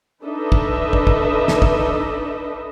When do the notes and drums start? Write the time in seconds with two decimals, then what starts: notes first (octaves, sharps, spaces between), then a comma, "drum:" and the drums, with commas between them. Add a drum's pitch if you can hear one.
0.24 D4 D#4 A4 B4 D#5 E5
0.52 drum: kick
0.93 drum: kick
1.07 drum: kick
1.48 drum: snare
1.62 drum: kick